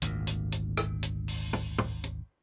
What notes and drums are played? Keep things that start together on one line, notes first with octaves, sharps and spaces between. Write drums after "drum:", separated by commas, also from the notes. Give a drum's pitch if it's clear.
G#1 D2 A#2, drum: hi-hat
drum: hi-hat
drum: hi-hat
drum: rim click
drum: hi-hat
drum: open hi-hat
drum: tom
drum: tom
drum: hi-hat